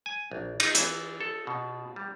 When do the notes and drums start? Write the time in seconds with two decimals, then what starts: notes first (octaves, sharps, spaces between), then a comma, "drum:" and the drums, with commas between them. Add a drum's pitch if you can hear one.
0.06 G#5
0.32 A#1
0.60 D#4, drum: cymbal
0.75 E3, drum: hi-hat
1.21 A4
1.47 B2
1.96 G3